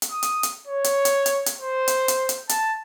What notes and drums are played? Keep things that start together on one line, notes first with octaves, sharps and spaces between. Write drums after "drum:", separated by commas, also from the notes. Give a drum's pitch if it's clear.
drum: hi-hat
D#6
drum: hi-hat
drum: hi-hat
C#5
drum: hi-hat
drum: hi-hat
drum: hi-hat
drum: hi-hat
C5
drum: hi-hat
drum: hi-hat
drum: hi-hat
A5, drum: hi-hat